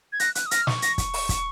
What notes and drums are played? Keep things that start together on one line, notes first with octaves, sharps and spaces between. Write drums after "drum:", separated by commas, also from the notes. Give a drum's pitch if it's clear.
G#6
F#6 A#6, drum: hi-hat
F#6, drum: hi-hat
D#6
F6 A#6, drum: hi-hat
C#6, drum: snare
A#6, drum: hi-hat
drum: kick, hi-hat
drum: open hi-hat
drum: kick, hi-hat